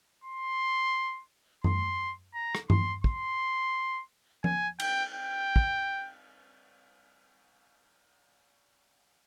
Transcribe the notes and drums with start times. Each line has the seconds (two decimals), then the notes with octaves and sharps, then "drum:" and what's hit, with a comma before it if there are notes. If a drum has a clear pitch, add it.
0.24 C6
1.64 C6, drum: tom F#2
2.34 A#5
2.55 drum: rim click
2.70 C6, drum: tom G2
3.04 C6, drum: kick
4.44 G#5, drum: tom F3
4.80 G5, drum: cymbal
5.14 G5
5.56 drum: kick